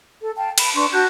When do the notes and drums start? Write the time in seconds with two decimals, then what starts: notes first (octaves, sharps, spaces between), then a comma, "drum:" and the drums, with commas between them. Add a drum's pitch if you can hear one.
0.20 A4
0.36 F5 G5 A5
0.58 B5, drum: cymbal
0.75 D4 B4 C6 C#6
0.92 F#4 A5 F#6 G6